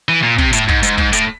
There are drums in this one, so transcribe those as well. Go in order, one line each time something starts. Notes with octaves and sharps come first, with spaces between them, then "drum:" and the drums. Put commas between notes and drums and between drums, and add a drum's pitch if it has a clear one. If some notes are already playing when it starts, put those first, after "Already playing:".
E3
A#2
C3, drum: kick
A2, drum: hi-hat
G#2, drum: kick
G#2, drum: hi-hat
G#2, drum: kick
A2, drum: hi-hat